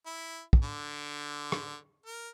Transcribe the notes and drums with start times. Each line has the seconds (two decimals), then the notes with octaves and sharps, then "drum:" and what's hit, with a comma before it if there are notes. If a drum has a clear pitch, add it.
0.06 E4
0.53 drum: kick
0.63 D3
1.52 drum: rim click
2.06 A#4